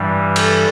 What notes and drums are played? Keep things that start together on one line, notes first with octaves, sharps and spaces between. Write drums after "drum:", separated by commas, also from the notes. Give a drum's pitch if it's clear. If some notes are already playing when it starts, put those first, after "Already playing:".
Already playing: G2 E3 G3
A4, drum: cymbal